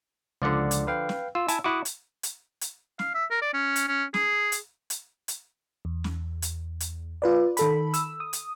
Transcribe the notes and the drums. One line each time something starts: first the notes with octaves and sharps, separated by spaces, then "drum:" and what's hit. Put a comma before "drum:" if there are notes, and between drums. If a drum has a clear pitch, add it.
C#2 D3 F3 D5 F#5
drum: hi-hat
B4 F5 G5
drum: snare
F4 E6
E4 G#5 A5, drum: hi-hat
E4 F#4 D6 D#6 F#6
drum: hi-hat
drum: hi-hat
drum: hi-hat
F5, drum: snare
E5
A#4
D5
C#4
drum: hi-hat
C#4
G#4, drum: snare
drum: hi-hat
drum: hi-hat
drum: hi-hat
E2
drum: snare
drum: hi-hat
drum: hi-hat
F4 B4 D5
D#3 A4 B5, drum: hi-hat
E6, drum: hi-hat
D#6
drum: hi-hat